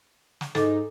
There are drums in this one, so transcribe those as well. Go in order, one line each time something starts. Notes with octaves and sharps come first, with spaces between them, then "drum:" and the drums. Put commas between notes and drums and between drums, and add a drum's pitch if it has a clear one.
drum: snare
G#2 D#4 A4 D6, drum: snare